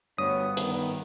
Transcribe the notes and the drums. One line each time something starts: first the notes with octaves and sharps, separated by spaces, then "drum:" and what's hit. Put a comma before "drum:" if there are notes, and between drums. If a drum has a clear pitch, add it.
D2 G2 B3 C#5 D#6
D#3 B3, drum: hi-hat